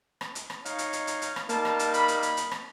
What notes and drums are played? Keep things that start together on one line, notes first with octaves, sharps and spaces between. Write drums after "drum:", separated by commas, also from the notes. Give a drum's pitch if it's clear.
drum: rim click
drum: hi-hat
drum: rim click
D#4 C#5 F5, drum: hi-hat
drum: hi-hat
drum: hi-hat
drum: hi-hat
drum: hi-hat
drum: rim click
G3 A#3 D#4 A5, drum: hi-hat
drum: rim click
drum: hi-hat
B5, drum: hi-hat
drum: hi-hat
drum: hi-hat
drum: hi-hat
drum: rim click